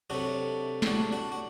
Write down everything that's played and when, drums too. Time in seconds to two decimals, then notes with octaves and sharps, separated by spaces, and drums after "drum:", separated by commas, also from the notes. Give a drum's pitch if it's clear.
0.10 C3 F#3 A3 D4 F#4
0.82 E4, drum: snare
0.87 D4 F#4
1.12 D4 F#4
1.32 F#4